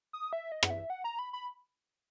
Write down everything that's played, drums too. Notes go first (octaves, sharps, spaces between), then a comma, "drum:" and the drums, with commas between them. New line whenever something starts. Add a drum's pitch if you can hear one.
D#6
E5
D#5
F#5, drum: rim click
E5
F#5
A#5
B5
B5